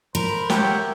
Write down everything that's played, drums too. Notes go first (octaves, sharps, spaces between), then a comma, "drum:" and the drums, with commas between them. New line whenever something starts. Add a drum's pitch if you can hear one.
A#4 C5 B5
G4 C#5 E5 F#5 G5, drum: snare